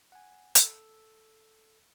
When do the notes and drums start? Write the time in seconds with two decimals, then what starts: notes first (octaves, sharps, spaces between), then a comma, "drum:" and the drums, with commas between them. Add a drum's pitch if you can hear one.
0.12 F#5 G#5
0.55 A4 E6, drum: hi-hat